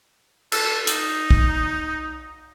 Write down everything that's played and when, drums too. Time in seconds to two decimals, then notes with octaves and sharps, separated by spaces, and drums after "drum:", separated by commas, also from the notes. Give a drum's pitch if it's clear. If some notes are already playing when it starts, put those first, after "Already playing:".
0.52 A4, drum: cymbal
0.87 D#4, drum: hi-hat
1.30 drum: kick B1